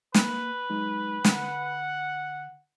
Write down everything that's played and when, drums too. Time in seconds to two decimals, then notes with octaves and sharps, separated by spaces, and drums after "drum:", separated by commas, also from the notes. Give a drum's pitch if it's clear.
0.14 A#3 B4, drum: snare
0.70 F#3 G#3 D#4
1.25 D3 F#5, drum: snare